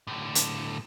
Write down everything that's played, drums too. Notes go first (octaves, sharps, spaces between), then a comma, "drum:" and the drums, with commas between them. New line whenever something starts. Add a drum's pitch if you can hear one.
A2 D3
drum: hi-hat